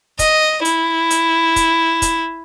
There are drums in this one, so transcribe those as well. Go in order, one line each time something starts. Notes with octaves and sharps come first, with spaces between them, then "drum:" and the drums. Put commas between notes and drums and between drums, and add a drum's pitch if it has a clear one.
D#5, drum: kick, hi-hat
E4, drum: hi-hat
drum: hi-hat
drum: kick, hi-hat
drum: kick, hi-hat